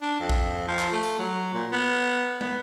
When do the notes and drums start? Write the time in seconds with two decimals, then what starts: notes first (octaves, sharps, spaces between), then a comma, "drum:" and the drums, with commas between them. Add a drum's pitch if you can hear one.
0.01 D4
0.19 F2
0.29 drum: kick
0.68 F3
0.79 drum: clap
0.92 A3
1.03 drum: tambourine
1.19 F#3
1.53 A#2
1.72 B3
2.41 B3, drum: tom